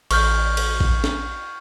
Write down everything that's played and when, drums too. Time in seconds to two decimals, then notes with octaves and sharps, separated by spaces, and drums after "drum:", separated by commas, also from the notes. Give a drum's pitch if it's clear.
0.11 A1 C#6 F6 G6, drum: cymbal
0.57 drum: cymbal
0.80 drum: kick G#1
1.04 drum: snare